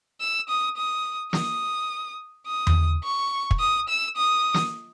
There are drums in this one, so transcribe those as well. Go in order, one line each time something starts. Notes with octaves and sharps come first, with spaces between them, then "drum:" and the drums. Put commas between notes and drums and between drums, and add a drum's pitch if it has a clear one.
E6
D#6
D#6
D#6, drum: snare
D#6
drum: tom E2
C#6
drum: kick
D#6
E6
D#6
drum: snare